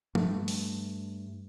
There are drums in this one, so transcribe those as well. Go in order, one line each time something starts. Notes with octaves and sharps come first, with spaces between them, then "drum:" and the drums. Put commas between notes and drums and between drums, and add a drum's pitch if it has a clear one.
G2 A3, drum: tom F3
drum: open hi-hat